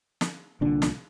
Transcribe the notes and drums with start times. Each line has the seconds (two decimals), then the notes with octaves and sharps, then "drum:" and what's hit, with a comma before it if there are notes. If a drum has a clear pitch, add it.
0.21 drum: snare
0.61 C2 A#2 D3 D4
0.82 drum: snare